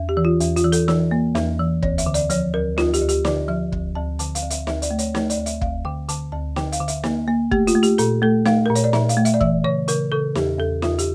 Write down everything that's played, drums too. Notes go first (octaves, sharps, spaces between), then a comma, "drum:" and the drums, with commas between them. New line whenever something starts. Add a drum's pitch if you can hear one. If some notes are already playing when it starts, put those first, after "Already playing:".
Already playing: E2
G4
E3
F4
E2, drum: hi-hat
F4, drum: hi-hat
E3
A4, drum: hi-hat
E3, drum: snare
A#3
E2, drum: snare
E3
D2 C#5, drum: kick
E5, drum: hi-hat
D3
D5, drum: hi-hat
F3 C#5, drum: hi-hat
D2 A#4
D2 F4, drum: snare
G4, drum: hi-hat
D2
G4, drum: hi-hat
D3 D5, drum: snare
F3 E5
D2, drum: kick
D2 A5
D3 A5, drum: hi-hat
F5, drum: hi-hat
D2
E5, drum: hi-hat
D2 E5, drum: snare
D5, drum: hi-hat
A3
C#5, drum: hi-hat
A3 C#5, drum: snare
D5, drum: hi-hat
D2
E5, drum: hi-hat
D2 F5, drum: kick
D3 G5
D3 A5, drum: hi-hat
D2 A5
D3 G5, drum: snare
F5, drum: hi-hat
D3
E5, drum: hi-hat
A#3, drum: snare
A#3
A3 G4, drum: kick
F4, drum: hi-hat
A3
G4, drum: hi-hat
A#2 A4, drum: hi-hat
A3 A4
A3 F5, drum: snare
A#2 A#4
C#5, drum: hi-hat
D5
A#2 E5, drum: snare
F5, drum: hi-hat
A3
E5, drum: hi-hat
D5
E3 E5, drum: kick
C#3 C#5
C#3 A#4, drum: hi-hat
C#3 A4
E2 G4, drum: snare
E2 A4
E2 F4, drum: snare
G4, drum: hi-hat